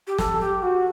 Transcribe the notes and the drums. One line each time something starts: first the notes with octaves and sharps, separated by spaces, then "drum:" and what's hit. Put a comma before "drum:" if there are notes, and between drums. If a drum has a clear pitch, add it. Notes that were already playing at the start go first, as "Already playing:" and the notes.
G4
A4, drum: snare
G4
F#4